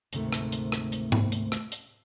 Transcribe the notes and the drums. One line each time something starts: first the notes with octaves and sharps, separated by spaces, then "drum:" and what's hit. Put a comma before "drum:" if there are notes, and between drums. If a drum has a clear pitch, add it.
D2 G#2 C3 D#3 A3, drum: hi-hat
drum: rim click
drum: hi-hat
drum: rim click
drum: hi-hat
drum: tom G#2
drum: hi-hat
drum: rim click
drum: hi-hat